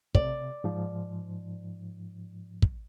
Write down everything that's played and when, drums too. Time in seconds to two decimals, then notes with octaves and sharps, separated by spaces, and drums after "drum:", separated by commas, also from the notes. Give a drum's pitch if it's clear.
0.15 C3 D5, drum: kick
0.64 G#2 F3
2.62 drum: kick